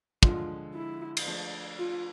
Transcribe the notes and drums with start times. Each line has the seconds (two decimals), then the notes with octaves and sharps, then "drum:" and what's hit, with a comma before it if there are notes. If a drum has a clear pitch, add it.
0.23 D3 F3 G#3 F4, drum: kick
0.74 E4
1.17 drum: cymbal
1.27 F3 A3 D4
1.79 F4